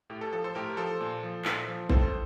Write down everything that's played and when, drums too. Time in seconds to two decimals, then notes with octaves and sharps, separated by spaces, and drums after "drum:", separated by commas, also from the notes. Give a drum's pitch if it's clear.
0.10 A2 G4
0.21 A4
0.32 F3 A4
0.44 A4 C5
0.55 A2 G4 A#4
0.77 F3 A4 C5
1.00 A#2
1.23 F3
1.45 A#2, drum: clap
1.67 F3
1.90 A2 A4 C5, drum: kick A1